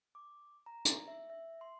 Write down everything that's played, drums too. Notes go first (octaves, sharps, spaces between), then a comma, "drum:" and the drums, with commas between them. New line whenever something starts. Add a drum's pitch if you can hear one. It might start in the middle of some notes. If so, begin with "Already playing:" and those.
D6
A#5
drum: hi-hat
E5
E5
C6